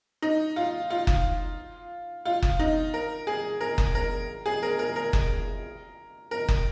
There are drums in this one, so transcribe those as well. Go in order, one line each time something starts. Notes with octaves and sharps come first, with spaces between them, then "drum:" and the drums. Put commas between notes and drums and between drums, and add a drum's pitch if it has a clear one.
D#4
F4
F4
drum: kick F#1
F4
drum: kick F#1
D#4
A#4
G#4
A#4
drum: kick F#1
A#4
G#4
A#4
A#4
A#4
drum: kick F#1
A#4
drum: kick F#1